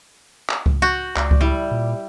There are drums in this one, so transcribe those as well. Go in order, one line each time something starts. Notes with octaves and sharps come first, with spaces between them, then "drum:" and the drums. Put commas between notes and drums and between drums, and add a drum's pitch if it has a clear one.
drum: clap
drum: kick C#2
F#4 G6
C#2 D5, drum: clap
drum: kick C#2
G3 E4
A#2